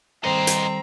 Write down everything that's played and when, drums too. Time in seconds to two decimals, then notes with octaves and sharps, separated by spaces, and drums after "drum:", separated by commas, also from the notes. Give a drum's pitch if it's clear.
0.24 D#3 G3 C4 A4 C5 D#5 A#5
0.47 drum: hi-hat